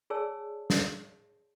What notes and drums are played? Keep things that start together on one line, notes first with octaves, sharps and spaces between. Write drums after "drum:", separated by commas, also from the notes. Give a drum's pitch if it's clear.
G#4 C#5 D5 G#5 A5 E6
drum: snare